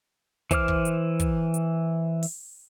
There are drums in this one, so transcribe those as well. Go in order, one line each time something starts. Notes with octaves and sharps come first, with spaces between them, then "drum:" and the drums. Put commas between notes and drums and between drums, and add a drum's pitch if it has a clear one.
E3 C5 D6 F6, drum: kick, hi-hat
drum: kick
drum: hi-hat
drum: kick, hi-hat
drum: hi-hat
drum: open hi-hat